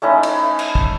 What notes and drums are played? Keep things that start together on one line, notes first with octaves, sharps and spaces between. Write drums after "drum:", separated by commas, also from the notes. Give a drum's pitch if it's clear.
A3 C#4 D#4 E4
drum: cymbal
drum: cymbal
drum: kick